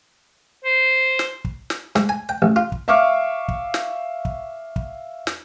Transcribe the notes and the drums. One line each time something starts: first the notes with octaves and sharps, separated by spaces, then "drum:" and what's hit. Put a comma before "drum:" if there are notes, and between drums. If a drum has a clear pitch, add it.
C5
drum: snare
drum: kick
drum: snare
G#2, drum: snare
G#5
G5
A1
F4
drum: kick
E5 F5 C#6 D6 F6
drum: kick
drum: snare
drum: kick
drum: kick
drum: snare